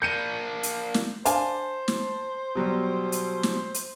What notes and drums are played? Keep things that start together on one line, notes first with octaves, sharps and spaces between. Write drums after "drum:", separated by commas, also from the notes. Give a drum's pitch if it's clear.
A#3 D4 G6 C#7 D#7
drum: hi-hat
drum: snare
D4 C5 F5 G#5 A5, drum: hi-hat
drum: snare
B2 F#3 G3
drum: hi-hat
drum: snare
drum: hi-hat